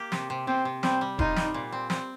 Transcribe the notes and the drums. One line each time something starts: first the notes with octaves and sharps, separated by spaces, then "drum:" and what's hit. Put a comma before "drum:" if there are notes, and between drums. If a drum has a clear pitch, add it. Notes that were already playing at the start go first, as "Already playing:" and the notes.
Already playing: A#3 G4
C3, drum: snare
C3
C3 C4
C3
G3 C4, drum: snare
G3
D#4 F4, drum: kick E1
G3, drum: snare
A#2
C4
C4, drum: snare